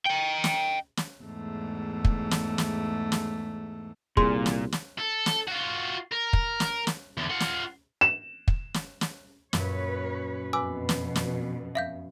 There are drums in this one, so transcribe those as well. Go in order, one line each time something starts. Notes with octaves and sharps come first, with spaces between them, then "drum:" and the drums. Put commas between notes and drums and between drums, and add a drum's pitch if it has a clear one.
D#5 G5
drum: snare
drum: snare
E2 G#2 A3
drum: kick
drum: snare
drum: snare
drum: snare
C2 A#2 G#4 C6, drum: kick
drum: snare
drum: snare
A4
drum: snare
F4 F#4
A#4
drum: kick
drum: snare
drum: snare
E2 D3
F4 F#5
drum: snare
E7
drum: kick
drum: snare
drum: snare
F#2 A#2 B4 C#5, drum: snare
F2 B2 B4 G#5 D6 E6
drum: snare
drum: snare
E5 F5 G6